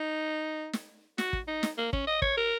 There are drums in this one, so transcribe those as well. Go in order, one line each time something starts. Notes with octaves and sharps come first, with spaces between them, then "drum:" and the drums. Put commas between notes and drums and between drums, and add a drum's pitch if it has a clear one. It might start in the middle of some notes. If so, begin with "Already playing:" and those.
Already playing: D#4
drum: snare
F#4, drum: snare
drum: kick
D#4
drum: snare
A#3
C#4, drum: kick
D#5
C#5, drum: kick
A#4